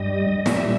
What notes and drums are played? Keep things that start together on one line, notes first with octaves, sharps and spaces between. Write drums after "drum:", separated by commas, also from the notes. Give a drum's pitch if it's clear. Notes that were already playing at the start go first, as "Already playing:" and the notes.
Already playing: G2 G3 D#5
A#2 G3 E5, drum: snare